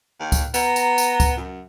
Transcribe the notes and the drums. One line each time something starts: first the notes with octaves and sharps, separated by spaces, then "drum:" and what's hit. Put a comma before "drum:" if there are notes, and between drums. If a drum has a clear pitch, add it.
D#2
drum: kick C#2, tambourine
B3 A#5, drum: tambourine
drum: tambourine
drum: tambourine
drum: kick C#2, tambourine
F#2